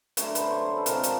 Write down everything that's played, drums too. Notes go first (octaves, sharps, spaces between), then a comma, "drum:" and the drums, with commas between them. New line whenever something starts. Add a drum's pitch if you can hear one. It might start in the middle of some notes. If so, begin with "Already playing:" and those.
D3 F#3 A3 C#5, drum: hi-hat
B4 C5, drum: hi-hat
C#5
C5
B4
A4
C3 F3 G#3 A#4, drum: hi-hat
D5
C#5, drum: hi-hat